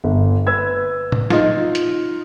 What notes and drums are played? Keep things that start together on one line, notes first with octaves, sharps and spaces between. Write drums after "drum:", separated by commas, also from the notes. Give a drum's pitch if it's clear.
G1
B4 E6 G#6
drum: tom A2
D#4 F4, drum: snare
drum: hi-hat